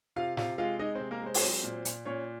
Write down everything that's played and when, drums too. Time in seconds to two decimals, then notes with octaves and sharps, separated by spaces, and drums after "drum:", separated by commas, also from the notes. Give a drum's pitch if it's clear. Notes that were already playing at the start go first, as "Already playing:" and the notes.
0.16 C3 F4 F5
0.37 C3 F4 F5, drum: snare
0.58 G#3 F4 F5
0.79 G#3 D#4 D#5
0.95 C3 C4 C5
1.11 A#3 A#4
1.22 G#3 C5
1.34 C#5, drum: open hi-hat
1.42 F#3 C4 C5
1.64 A#2
1.85 A#2, drum: hi-hat
2.05 A#2 C#4 C#5